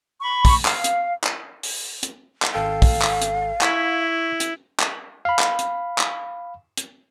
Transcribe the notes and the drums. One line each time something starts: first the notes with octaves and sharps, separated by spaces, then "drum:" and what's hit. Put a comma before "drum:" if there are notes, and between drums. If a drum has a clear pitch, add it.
B5 C#6
drum: kick, open hi-hat
F5, drum: clap
drum: hi-hat
drum: clap
drum: open hi-hat
drum: hi-hat
drum: clap
G#1 A4 F5 G5
drum: kick, open hi-hat
drum: clap
drum: hi-hat
E4 C#6 G#6 B6, drum: clap
drum: hi-hat
drum: clap
F5 B5
drum: clap
drum: hi-hat
drum: clap
drum: hi-hat